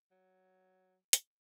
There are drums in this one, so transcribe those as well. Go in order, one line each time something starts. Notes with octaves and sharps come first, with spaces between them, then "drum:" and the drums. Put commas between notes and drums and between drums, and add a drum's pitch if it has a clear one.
F#3
drum: hi-hat